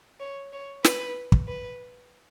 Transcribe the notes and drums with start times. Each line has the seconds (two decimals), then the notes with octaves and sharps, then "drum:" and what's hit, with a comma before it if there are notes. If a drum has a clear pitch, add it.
0.20 C#5
0.53 C#5
0.84 B4, drum: snare
1.32 drum: kick
1.48 B4